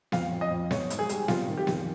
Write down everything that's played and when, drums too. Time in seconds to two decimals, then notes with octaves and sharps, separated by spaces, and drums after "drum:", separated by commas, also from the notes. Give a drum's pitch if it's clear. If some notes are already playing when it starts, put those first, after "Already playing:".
0.12 F2 F5, drum: snare B3
0.32 F2
0.41 D#5
0.51 F2
0.71 G#2 C#5, drum: snare B3
0.90 G#2, drum: hi-hat
0.99 G#4
1.09 G3, drum: hi-hat
1.28 C3 F4, drum: snare B3
1.47 D#3
1.57 G4
1.67 F2, drum: snare B3